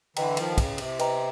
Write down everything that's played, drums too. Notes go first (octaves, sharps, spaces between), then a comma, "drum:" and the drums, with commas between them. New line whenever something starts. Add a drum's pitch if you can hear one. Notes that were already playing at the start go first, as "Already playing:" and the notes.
D3 E3 B4 D#5 G5 A#5, drum: cymbal
D#3 F3, drum: cymbal
D3
C#3, drum: kick, cymbal
C3, drum: cymbal
B4 D#5 G5 A#5, drum: cymbal